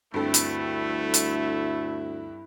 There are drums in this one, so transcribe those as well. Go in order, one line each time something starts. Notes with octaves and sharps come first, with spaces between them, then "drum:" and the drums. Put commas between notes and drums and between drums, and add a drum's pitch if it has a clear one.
D2 G2 A3 C4 E4 A4
drum: hi-hat
drum: hi-hat